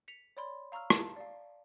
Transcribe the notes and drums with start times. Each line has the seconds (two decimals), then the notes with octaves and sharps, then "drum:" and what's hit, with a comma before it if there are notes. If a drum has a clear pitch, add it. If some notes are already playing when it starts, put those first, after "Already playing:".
0.08 B6 C#7 F7
0.37 C#5 D5 B5 C6
0.72 F5 A#5 C#6 E6 F6
0.90 A5, drum: rim click
1.16 D5 F5